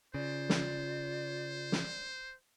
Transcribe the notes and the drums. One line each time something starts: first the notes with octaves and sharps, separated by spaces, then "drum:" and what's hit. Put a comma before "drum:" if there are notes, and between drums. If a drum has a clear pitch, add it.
C#3 F4 C5 D5
drum: snare
drum: snare